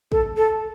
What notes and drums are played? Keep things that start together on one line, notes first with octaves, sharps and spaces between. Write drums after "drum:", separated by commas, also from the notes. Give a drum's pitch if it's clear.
A4, drum: kick
A4